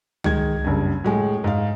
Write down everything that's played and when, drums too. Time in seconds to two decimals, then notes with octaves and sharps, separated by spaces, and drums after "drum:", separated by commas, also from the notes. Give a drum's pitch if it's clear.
0.24 D#3 G#3 G#6, drum: tom
0.64 F#1 G2
1.04 A2 G#3 G#5
1.44 G#2 F5